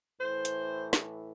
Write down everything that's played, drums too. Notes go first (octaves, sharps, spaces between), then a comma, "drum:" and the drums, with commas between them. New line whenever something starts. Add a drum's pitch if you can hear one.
A2 E3 C5
drum: hi-hat
drum: snare